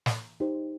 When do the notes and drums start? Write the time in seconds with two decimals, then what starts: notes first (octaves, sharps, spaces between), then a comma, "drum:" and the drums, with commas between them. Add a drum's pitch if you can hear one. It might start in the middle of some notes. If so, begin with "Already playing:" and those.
0.06 drum: snare
0.40 D#4 G4 C5